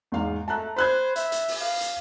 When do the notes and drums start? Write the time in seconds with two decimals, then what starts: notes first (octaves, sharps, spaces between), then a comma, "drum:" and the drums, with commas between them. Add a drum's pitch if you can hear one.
0.12 E2 G#2 F5
0.48 A3 A5 A#5 F#6
0.76 C5 B5 F#6 G#6
1.16 E5, drum: hi-hat
1.32 drum: hi-hat
1.48 drum: open hi-hat
1.61 F5
1.80 drum: hi-hat